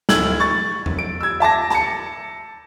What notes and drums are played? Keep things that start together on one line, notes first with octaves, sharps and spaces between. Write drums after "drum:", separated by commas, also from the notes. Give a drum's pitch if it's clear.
D1 E6 G#6 F#7, drum: snare
C#6 A6
drum: tom E2
D7
E6 G#6
E5 A5 D6 A#6
A5 C#7, drum: rim click